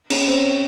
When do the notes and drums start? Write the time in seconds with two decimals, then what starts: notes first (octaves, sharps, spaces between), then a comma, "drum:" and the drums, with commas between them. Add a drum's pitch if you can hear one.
0.10 C#4, drum: cymbal
0.27 C4